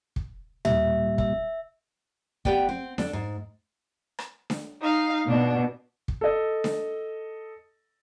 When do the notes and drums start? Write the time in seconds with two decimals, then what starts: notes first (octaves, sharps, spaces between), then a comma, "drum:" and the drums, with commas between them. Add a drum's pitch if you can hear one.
0.16 drum: kick
0.65 A#2 G3 E5, drum: tom
1.18 E5, drum: kick
2.45 B3 G4 B4 D5 G5, drum: kick
2.69 C4
2.98 D4 A4, drum: snare D4
3.13 G#2
4.19 drum: rim click
4.50 drum: snare D4
4.81 D#4 F5
5.28 B2 D4
6.08 drum: kick
6.21 A4 D#5
6.64 drum: snare D4